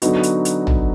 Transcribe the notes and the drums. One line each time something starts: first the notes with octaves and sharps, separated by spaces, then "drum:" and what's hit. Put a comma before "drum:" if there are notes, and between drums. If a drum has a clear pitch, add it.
D3 F#3 B3 D#4 F#4, drum: hi-hat
drum: hi-hat
drum: hi-hat
drum: tom A1